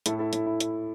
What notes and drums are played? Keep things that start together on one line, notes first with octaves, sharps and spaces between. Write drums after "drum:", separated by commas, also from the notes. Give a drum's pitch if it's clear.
A2 E4 A4, drum: hi-hat
E4 A4
A2 E4, drum: hi-hat
E4
drum: hi-hat